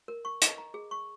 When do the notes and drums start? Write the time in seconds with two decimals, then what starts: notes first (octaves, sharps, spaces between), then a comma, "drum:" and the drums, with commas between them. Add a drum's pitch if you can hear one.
0.08 A#4
0.25 C#6
0.42 D#5, drum: hi-hat
0.58 A#5
0.74 G#4
0.91 C#6